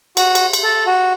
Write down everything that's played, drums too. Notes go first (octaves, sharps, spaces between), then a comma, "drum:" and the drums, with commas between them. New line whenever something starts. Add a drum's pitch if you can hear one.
F#4, drum: cymbal
drum: cymbal
drum: cymbal
A4
F#4